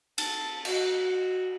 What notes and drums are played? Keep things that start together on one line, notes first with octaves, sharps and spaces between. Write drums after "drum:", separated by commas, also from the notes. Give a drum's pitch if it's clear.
A5, drum: cymbal
F#4, drum: cymbal